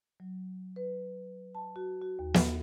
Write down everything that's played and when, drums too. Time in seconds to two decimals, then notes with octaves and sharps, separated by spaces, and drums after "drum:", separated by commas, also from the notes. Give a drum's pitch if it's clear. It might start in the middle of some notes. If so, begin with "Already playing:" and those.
0.20 F#3
0.76 B4
1.55 A5
1.76 F#4
2.02 F#4
2.19 D#2
2.34 A4, drum: snare